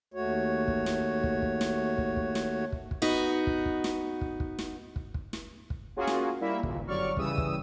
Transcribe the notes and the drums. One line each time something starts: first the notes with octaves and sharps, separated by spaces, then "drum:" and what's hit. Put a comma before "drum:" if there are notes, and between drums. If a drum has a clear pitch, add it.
D#2 A3 F#4 C#5
drum: kick
drum: snare
drum: kick
drum: kick
drum: snare
drum: kick
drum: kick
drum: snare
drum: kick
drum: kick
B3 D#4 F#4
drum: kick
drum: kick
drum: snare
drum: kick
drum: kick
drum: snare
drum: kick
drum: kick
drum: snare
drum: kick
A#3 C#4 F4 F#4 G#4
drum: snare
G3 A#3 E4 E5
G#1 C#2 A#2, drum: kick
G1 F#3 D5 C#6 F6
C#3 E3 G3 D#6 E6 D#7, drum: kick
drum: kick